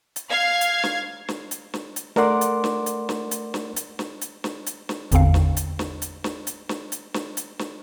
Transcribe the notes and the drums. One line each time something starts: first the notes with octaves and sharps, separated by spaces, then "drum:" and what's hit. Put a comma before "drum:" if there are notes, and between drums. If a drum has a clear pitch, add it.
drum: hi-hat
F5 G#6
drum: hi-hat
drum: snare
drum: snare
drum: hi-hat
drum: snare
drum: hi-hat
A3 A#4 D5 F#5 C6 D6, drum: snare
drum: hi-hat
drum: snare
drum: hi-hat
drum: snare
drum: hi-hat
drum: snare
drum: hi-hat
drum: snare
drum: hi-hat
drum: snare
drum: hi-hat
drum: snare
G#1 E2 D3 C4 F5, drum: hi-hat
drum: snare
drum: hi-hat
drum: snare
drum: hi-hat
drum: snare
drum: hi-hat
drum: snare
drum: hi-hat
drum: snare
drum: hi-hat
drum: snare